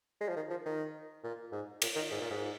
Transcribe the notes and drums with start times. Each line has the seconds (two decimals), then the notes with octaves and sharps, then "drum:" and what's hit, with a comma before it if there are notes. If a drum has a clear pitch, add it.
0.21 G#3
0.29 F3
0.36 D#3
0.50 F3
0.66 D#3
1.24 A#2
1.52 G#2
1.82 A#2, drum: cymbal
1.96 D#3
2.11 G#2
2.21 A#2
2.31 G#2